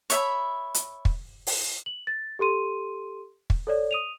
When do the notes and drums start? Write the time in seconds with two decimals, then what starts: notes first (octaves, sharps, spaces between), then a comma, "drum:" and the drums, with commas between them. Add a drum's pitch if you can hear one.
0.10 C#5 E5 B5, drum: hi-hat
0.74 drum: hi-hat
1.05 drum: kick
1.47 drum: open hi-hat
1.86 F#7
2.07 A6
2.39 G4 A4 C6 D#7
3.50 drum: kick
3.67 A4 C#5 D5
3.91 D#6 D#7 F7